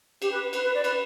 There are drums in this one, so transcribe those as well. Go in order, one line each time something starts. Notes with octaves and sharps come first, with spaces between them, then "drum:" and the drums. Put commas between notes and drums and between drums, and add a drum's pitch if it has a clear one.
G4, drum: cymbal
B4
B4, drum: cymbal
B4
D5
B4, drum: cymbal